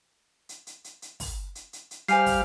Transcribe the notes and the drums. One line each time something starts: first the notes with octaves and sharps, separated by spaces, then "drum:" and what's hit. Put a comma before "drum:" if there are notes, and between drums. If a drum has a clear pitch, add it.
drum: hi-hat
drum: hi-hat
drum: hi-hat
drum: hi-hat
drum: kick, open hi-hat
drum: hi-hat
drum: hi-hat
drum: hi-hat
G3 C5 F5 G#5 C7, drum: hi-hat
drum: kick, open hi-hat